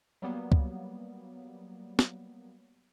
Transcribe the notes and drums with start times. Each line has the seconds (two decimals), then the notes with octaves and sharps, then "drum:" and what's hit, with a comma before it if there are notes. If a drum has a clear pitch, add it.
0.22 F#3 G3 A#3 B3
0.52 drum: kick C#2
1.99 drum: snare